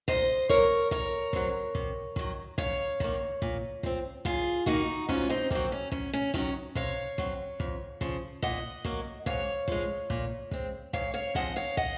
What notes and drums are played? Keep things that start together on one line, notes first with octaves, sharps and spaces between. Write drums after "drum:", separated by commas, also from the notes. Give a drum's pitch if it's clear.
A#2 C5 D#5, drum: kick
F#3 A#3 A#4 C#5, drum: kick
A#2 A#4 C#5, drum: kick
F#3 C4, drum: kick
C3, drum: kick
D#3 F#3, drum: kick
F#2 C#5 F5, drum: kick
D#3 A#3, drum: kick
A#2, drum: kick
F3 C4, drum: kick
F#2 F4 G#4, drum: kick
D#3 A#3 D#4 F#4, drum: kick
G#2 C#4 F4, drum: kick
C4 D#4
F#3 A#3 C4, drum: kick
C#4
F#2 C#4, drum: kick
C#4
D#3 F#3 C#4, drum: kick
C3 C#5 F5, drum: kick
F#3 C4, drum: kick
F2, drum: kick
C#3 F3, drum: kick
A#2 D#5 F#5, drum: kick
F#3 A#3, drum: kick
G#2 C#5 F5, drum: kick
F3 G#3, drum: kick
A#2, drum: kick
G#3 C4, drum: kick
G#2 C#5 F5, drum: kick
C#5 F5
F3 G#3 C4 D#5 F#5, drum: kick
C#5 F5
D#5 F#5, drum: kick